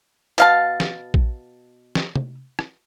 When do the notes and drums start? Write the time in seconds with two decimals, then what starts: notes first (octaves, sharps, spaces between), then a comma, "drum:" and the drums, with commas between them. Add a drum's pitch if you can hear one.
0.38 B2 F5 A5, drum: hi-hat
0.80 drum: snare
1.14 drum: kick A#1
1.95 drum: snare
2.16 drum: tom
2.59 drum: rim click